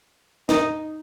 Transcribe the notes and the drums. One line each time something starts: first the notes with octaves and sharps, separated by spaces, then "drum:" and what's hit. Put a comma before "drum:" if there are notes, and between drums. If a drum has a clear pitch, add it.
D#4, drum: snare